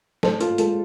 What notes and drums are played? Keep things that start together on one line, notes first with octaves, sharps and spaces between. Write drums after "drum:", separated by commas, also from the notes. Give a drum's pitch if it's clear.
A2 A4 C5, drum: snare
F4 A4, drum: hi-hat
G#3 F4 A4, drum: hi-hat